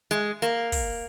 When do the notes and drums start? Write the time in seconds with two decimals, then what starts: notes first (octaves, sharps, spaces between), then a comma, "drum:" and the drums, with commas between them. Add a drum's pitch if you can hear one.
0.11 G#3, drum: hi-hat
0.42 A#3, drum: hi-hat
0.72 drum: kick, open hi-hat